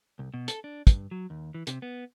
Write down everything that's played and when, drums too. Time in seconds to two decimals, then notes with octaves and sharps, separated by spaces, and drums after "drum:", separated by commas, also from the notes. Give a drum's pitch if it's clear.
0.19 C2
0.34 B2
0.48 A4, drum: hi-hat
0.64 D4
0.87 G2, drum: kick, hi-hat
1.11 F#3
1.30 D#2
1.54 E3
1.67 C3, drum: hi-hat
1.82 B3